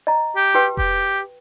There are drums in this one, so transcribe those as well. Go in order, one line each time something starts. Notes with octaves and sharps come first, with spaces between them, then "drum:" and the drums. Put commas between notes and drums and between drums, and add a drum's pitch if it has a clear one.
D#5 A#5
G4
F#4 B4 G5
G4, drum: kick F1